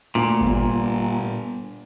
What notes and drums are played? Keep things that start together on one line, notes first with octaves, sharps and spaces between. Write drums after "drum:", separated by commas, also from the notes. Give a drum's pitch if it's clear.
D2 A#2
G1, drum: kick G#1